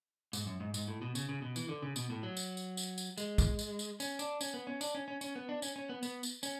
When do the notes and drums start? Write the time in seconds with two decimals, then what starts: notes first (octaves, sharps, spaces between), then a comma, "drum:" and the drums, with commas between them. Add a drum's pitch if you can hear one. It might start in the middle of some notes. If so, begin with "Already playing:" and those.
0.33 G#2, drum: tambourine
0.46 F#2
0.60 G#2
0.74 G#2, drum: tambourine
0.88 A2
1.02 B2
1.15 C#3, drum: tambourine
1.29 C#3
1.42 B2
1.56 E3, drum: tambourine
1.69 D3
1.82 C#3
1.96 B2, drum: tambourine
2.10 A2
2.23 F#3
2.37 drum: tambourine
2.57 drum: tambourine
2.77 drum: tambourine
2.98 drum: tambourine
3.18 G#3, drum: tambourine
3.38 drum: kick, tambourine
3.59 drum: tambourine
3.79 drum: tambourine
4.00 C#4, drum: tambourine
4.19 D4, drum: tambourine
4.41 C#4, drum: tambourine
4.54 B3
4.67 C#4
4.81 D4, drum: tambourine
4.95 C#4
5.08 C#4
5.21 C#4, drum: tambourine
5.36 B3
5.49 D4
5.62 C#4, drum: tambourine
5.76 C#4
5.89 B3
6.03 B3, drum: tambourine
6.23 drum: tambourine
6.43 C#4, drum: tambourine